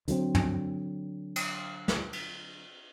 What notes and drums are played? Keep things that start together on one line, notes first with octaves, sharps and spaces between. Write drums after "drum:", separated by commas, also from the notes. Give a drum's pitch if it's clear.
D3 F#3 A3 C4, drum: hi-hat
drum: tom
drum: cymbal
drum: snare
drum: cymbal